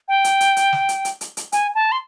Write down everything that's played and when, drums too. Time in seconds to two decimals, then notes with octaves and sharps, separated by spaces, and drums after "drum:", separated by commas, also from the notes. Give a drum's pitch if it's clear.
0.08 G5
0.24 drum: hi-hat
0.40 drum: hi-hat
0.57 drum: hi-hat
0.73 drum: snare
0.89 drum: hi-hat
1.05 drum: hi-hat
1.21 drum: hi-hat
1.37 drum: hi-hat
1.52 G#5, drum: hi-hat
1.75 A5
1.92 C6